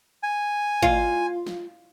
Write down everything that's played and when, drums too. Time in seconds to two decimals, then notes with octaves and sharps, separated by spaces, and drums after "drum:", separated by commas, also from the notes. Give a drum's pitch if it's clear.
0.23 G#5
0.82 F4, drum: kick G#1
1.46 drum: snare